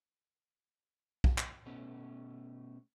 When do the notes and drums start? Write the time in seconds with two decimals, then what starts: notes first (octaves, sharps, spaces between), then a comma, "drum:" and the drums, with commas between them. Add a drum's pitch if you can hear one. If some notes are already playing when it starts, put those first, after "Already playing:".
1.24 drum: kick
1.38 drum: clap
1.66 B2 A3 B3 C#4